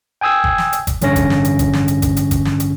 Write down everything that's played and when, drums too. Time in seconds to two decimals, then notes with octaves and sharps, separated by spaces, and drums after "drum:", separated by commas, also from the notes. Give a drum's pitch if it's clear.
0.21 G5 G#5 D#6 E6 G#6
0.44 drum: kick G1
0.58 drum: snare
0.73 drum: hi-hat
0.87 drum: kick G1, hi-hat
1.01 A1 G2 D3 C#4 C#5 A#6, drum: hi-hat
1.16 drum: kick G1, hi-hat
1.30 drum: snare
1.45 drum: hi-hat
1.59 drum: kick G1, hi-hat
1.73 drum: snare
1.88 drum: hi-hat
2.02 drum: kick G1, hi-hat
2.17 drum: hi-hat
2.31 drum: kick G1, hi-hat
2.45 drum: snare
2.60 drum: hi-hat